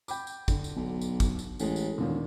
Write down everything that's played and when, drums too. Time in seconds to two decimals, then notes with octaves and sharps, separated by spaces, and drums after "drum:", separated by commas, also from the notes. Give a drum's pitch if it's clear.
0.08 G5 B5 D6, drum: tambourine
0.27 drum: tambourine
0.48 D3, drum: kick, tambourine
0.64 drum: tambourine
0.76 B1
1.01 drum: tambourine
1.20 drum: kick, tambourine
1.39 drum: tambourine
1.59 A1 E3 G#3, drum: tambourine
1.76 drum: tambourine
1.98 E1 D#2 A#2 D#3